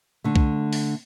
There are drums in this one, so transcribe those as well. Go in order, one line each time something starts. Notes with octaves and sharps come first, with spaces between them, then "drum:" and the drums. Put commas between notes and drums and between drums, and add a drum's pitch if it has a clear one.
D3 A3
drum: kick C2
drum: open hi-hat